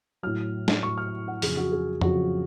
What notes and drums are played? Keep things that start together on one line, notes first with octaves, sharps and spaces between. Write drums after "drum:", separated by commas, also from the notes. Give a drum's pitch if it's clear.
A2 F#3 F6
drum: snare
A2 F#3 C#6
F6
F#5
F2 C#3 F#3 G#4, drum: open hi-hat
F#4
G#4
F2 C#3 F#3 F#4, drum: tom